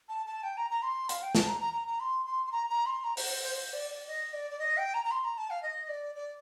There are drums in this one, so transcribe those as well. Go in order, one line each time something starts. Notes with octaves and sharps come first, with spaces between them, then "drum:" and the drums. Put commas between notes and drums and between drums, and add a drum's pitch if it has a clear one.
A5
A5
G5
A#5
A#5
C6
F5, drum: hi-hat
G5
A5, drum: snare
A#5
A#5
A#5
A#5
C6
C6
C6
A#5
A#5
C6
A#5
C5, drum: open hi-hat
C5
C5
C5
D5
D5
D#5
D5
D5
D#5
G5
A#5
A#5
C6
A#5
A5
F5
D#5
D5
D5